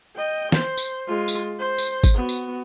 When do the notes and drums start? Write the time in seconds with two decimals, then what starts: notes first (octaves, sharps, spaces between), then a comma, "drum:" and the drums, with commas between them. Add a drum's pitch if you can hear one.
0.17 D#5 G5
0.52 C5, drum: snare
0.78 drum: tambourine
1.07 G#3 F4
1.28 drum: tambourine
1.59 C5
1.78 drum: tambourine
2.04 drum: kick G#1, tambourine
2.15 B3 F#4
2.29 drum: tambourine